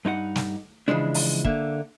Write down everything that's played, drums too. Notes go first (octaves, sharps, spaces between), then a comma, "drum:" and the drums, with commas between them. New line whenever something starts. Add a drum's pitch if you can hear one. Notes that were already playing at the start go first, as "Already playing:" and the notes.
G2 D#4 F4 F#5
drum: snare
C#3 E3 F3 G#3 D4
drum: open hi-hat
D3 A#3 E5, drum: kick